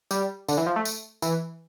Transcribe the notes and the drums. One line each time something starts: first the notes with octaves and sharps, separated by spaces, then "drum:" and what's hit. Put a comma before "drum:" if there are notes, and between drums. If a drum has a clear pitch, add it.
G3, drum: tambourine
D3, drum: tambourine
E3
F3
A3
drum: tambourine
E3, drum: tambourine